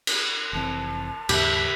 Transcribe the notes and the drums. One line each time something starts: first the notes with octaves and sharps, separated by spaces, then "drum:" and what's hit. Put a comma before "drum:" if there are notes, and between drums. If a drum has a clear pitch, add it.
drum: cymbal
F1 E3 C4 A5
D#2 G#2 C#3 G4 E5 B5, drum: cymbal